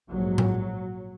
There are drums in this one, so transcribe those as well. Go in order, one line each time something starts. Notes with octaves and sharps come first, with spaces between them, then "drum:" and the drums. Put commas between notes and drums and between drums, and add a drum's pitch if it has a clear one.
A#1 G#2 F#3
drum: tom A2